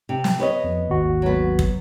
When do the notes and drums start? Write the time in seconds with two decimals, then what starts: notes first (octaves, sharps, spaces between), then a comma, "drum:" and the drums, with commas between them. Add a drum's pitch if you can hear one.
0.09 C3
0.24 drum: snare
0.40 B3 C#5 D#5
0.64 F2
0.89 G#1 D#2 F#4
1.22 F#3 B3
1.59 drum: kick